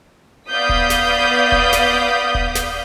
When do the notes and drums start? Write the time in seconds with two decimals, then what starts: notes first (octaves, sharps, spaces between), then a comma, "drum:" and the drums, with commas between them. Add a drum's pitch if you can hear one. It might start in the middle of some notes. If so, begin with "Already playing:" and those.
0.49 B3 D5 F5 D#6 G6 B6
0.69 drum: kick D#1
0.90 drum: snare
1.52 drum: kick D#1
1.73 drum: snare
2.35 drum: kick D#1
2.55 drum: snare